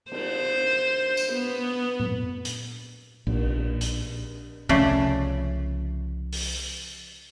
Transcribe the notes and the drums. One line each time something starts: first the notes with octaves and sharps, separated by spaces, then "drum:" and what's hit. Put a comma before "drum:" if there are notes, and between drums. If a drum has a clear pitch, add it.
C5, drum: cymbal
drum: tambourine
B3
drum: tom A#2
drum: hi-hat
A#1, drum: cymbal
drum: hi-hat
C2 C#3 F3 A3 D5
drum: open hi-hat